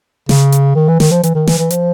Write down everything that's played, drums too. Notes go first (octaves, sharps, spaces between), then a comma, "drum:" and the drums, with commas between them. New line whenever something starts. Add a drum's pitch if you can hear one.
C#3, drum: snare
drum: hi-hat
D#3
E3
D#3, drum: snare
F3
E3, drum: hi-hat
D#3
E3, drum: snare
E3
F3, drum: hi-hat